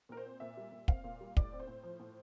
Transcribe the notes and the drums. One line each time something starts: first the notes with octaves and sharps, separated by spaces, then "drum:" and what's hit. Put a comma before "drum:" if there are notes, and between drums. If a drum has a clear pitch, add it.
A#2 A#4
C5
C4
A#2 E5
G3
A#2
C4 F5, drum: kick
A#2
G3
A2 D5, drum: kick
C4
C5
A2
F3
A2